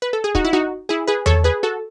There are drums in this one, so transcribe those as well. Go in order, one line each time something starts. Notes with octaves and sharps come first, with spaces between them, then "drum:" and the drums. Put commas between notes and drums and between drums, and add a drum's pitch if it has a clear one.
B4
A4
G#4
D#4 F#4, drum: kick
E4
D#4 F#4
E4 G#4
G#4 B4
A4 C#5, drum: tom E2
G#4 B4
F#4 A4